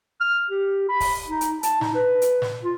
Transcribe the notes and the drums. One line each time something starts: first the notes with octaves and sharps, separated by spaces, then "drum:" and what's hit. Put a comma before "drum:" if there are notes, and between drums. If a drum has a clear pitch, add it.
F6
G4
B5
drum: kick, open hi-hat
D#4
drum: hi-hat
A5, drum: hi-hat
D#4, drum: snare
B4
drum: hi-hat
drum: snare
F4